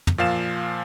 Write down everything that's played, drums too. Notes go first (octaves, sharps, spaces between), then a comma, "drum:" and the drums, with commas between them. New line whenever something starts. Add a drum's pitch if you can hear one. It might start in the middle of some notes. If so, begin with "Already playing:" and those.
drum: tom
A#2 F3 F5 A6 E7